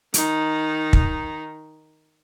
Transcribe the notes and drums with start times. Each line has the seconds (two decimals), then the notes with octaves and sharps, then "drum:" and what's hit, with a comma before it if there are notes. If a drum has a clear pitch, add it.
0.14 D#3 D#4, drum: hi-hat
0.93 drum: kick